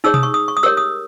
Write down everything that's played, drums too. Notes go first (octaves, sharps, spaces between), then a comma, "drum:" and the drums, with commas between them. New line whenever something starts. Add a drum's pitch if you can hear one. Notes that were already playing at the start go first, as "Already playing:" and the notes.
D#4 G#4 C#5 E6
D#6, drum: tom B2
C#6
D#6
C#6
D#6
G4 A#4 C#5 E6
D#6